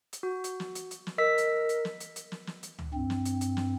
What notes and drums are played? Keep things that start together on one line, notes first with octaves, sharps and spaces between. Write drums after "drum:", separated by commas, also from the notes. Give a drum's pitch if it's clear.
drum: hi-hat
F#4
drum: hi-hat
drum: snare
drum: hi-hat
drum: hi-hat
drum: snare
A#4 D#5 E6 B6
drum: hi-hat
drum: hi-hat
drum: snare
drum: hi-hat
drum: hi-hat
drum: snare
drum: snare
drum: hi-hat
drum: tom C#2
G2 C4
drum: snare
drum: hi-hat
drum: hi-hat
drum: snare